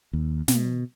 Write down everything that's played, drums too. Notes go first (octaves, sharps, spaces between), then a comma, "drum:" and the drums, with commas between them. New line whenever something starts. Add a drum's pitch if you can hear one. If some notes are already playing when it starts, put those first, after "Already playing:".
D#2
B2, drum: snare